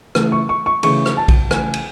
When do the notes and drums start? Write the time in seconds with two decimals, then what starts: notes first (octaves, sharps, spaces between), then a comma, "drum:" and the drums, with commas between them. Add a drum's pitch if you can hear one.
0.15 C#3 E3 A3, drum: rim click
0.32 C#6
0.49 C#6
0.66 C#6
0.83 C#3 E3 A3 C#6, drum: cymbal
1.06 drum: rim click
1.17 A5
1.28 drum: kick A#1, cymbal
1.51 C#3 E3 A3 G#5, drum: rim click
1.74 drum: cymbal